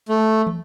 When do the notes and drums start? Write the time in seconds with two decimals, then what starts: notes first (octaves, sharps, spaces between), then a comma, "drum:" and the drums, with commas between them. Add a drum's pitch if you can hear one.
0.09 A3
0.47 drum: tom